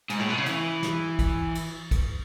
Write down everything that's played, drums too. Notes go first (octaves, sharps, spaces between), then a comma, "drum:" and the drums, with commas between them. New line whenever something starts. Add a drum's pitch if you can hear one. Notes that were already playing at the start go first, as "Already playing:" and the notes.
G#2, drum: cymbal
A2
B2
C#3
E3, drum: cymbal
drum: snare
drum: kick, cymbal
drum: cymbal
drum: kick, cymbal